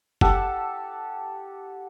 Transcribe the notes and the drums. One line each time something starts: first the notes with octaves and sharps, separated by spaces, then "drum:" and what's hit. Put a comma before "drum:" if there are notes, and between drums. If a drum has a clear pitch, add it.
G4 A4 F#5 A5, drum: kick